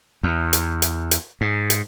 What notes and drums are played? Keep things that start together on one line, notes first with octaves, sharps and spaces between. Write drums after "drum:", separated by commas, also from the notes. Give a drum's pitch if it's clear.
E2
drum: hi-hat
drum: hi-hat
drum: hi-hat
G#2
drum: hi-hat